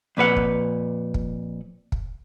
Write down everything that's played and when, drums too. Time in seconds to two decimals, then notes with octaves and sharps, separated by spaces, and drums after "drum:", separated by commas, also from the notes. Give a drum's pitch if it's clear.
0.17 F2 A#2 B4 F#5
0.36 drum: kick
1.14 drum: kick
1.92 drum: kick